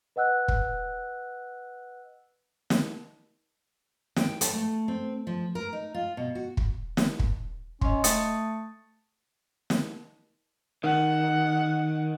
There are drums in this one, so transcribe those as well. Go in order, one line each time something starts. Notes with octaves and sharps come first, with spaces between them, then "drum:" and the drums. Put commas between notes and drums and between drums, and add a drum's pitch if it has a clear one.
B4 D#5 F#5 E6 F#6
drum: kick
drum: snare
G5, drum: snare
A4, drum: hi-hat
A3
C4
F3
A#4
D#4
F4
B2
F#4
drum: kick
drum: snare
drum: kick
C#4 D#5 C6, drum: kick
A3 D#6 A6 C#7, drum: hi-hat
drum: snare
D#3 F#5